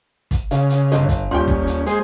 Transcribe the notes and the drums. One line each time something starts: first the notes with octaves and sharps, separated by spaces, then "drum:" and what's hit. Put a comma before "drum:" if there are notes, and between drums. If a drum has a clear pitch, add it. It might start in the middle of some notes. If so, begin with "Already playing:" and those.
drum: kick, hi-hat
C#3 F5, drum: hi-hat
drum: hi-hat
G1 C5 C#5 D#5, drum: hi-hat
drum: kick, hi-hat
D#1 G3 C#4 F4 G5 G6
drum: kick
drum: hi-hat
G#3 G#4 C5, drum: hi-hat